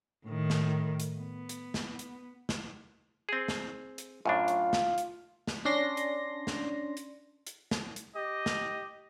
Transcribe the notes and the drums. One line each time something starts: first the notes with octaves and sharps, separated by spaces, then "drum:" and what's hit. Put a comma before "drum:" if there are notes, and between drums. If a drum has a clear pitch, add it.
A2 D#3
drum: snare
drum: hi-hat
B3
drum: hi-hat
drum: snare
drum: hi-hat
drum: snare
C4 G#4
drum: snare
drum: hi-hat
F#2 A2 D4 F4
drum: hi-hat
drum: snare
drum: hi-hat
drum: snare
C#4 D4 D5 C6 A#6
drum: hi-hat
drum: snare
drum: hi-hat
drum: hi-hat
drum: snare
drum: hi-hat
G4 D#5
drum: snare